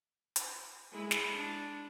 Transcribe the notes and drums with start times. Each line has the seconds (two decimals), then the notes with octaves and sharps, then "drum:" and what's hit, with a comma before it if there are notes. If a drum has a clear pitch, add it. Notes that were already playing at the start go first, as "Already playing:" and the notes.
0.36 drum: hi-hat
0.92 G#3 E4
1.11 drum: snare
1.31 D4